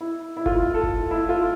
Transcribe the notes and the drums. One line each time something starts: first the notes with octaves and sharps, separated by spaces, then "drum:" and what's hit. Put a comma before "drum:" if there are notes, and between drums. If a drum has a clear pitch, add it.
E4
E4
F4, drum: kick F#1
E4
A4
drum: kick F#1
E4
F4